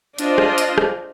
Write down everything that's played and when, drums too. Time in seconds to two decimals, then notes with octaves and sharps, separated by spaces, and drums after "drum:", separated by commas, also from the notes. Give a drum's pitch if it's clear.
0.19 D4 F4 C5 D#5, drum: hi-hat
0.38 drum: rim click
0.58 drum: hi-hat
0.78 drum: rim click